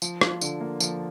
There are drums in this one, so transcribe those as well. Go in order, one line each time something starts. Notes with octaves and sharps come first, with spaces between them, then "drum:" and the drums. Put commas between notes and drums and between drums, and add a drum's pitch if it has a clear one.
F3, drum: tambourine
F4, drum: rim click
D3, drum: tambourine
A#3
F3, drum: tambourine